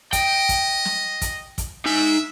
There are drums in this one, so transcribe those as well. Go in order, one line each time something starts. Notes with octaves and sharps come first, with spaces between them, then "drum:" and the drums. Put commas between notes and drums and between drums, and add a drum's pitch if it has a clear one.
D#5 G5, drum: kick, hi-hat
drum: kick, hi-hat
drum: snare
drum: kick, hi-hat
drum: kick, hi-hat
D#4 E5 G#5